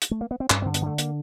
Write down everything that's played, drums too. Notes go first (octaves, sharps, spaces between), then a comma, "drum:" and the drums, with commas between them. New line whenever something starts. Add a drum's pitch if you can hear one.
drum: hi-hat
A3
A#3
B3
C4
G2 C#4, drum: clap
C4
D3
B3, drum: hi-hat
D3 A3
A#3, drum: hi-hat